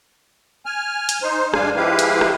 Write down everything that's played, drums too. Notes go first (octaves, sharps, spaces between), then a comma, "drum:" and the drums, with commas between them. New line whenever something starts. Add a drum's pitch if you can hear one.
G#5 F6
drum: hi-hat
D#4 C5
G2 G#3 D4 F5 G#5, drum: rim click
F3 G#3 E4 G4 B4 F5
drum: hi-hat
drum: rim click